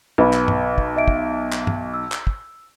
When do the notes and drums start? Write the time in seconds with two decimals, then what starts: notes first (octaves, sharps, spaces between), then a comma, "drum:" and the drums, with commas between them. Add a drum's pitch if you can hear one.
0.18 B1 B4 B5
0.33 drum: clap
0.48 drum: tom G2
0.78 drum: kick
0.96 D#5 E5 D7
1.08 drum: kick
1.52 drum: clap
1.67 drum: tom G2
1.94 E6
2.12 drum: clap
2.27 drum: kick